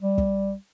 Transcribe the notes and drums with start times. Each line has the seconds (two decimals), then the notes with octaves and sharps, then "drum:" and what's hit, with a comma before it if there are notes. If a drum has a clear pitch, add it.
0.01 G3
0.18 drum: kick